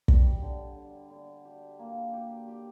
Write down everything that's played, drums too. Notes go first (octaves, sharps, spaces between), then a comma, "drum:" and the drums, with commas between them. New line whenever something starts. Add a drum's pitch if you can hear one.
G3, drum: kick
D3
D3
D3
G4
A#3
G4
G4